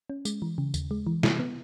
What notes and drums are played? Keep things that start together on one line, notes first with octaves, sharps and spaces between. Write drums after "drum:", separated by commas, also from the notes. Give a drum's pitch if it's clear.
C#4
G#3, drum: tambourine
E3
C#3
D#2, drum: tambourine
G#3
E3
E4, drum: snare
B3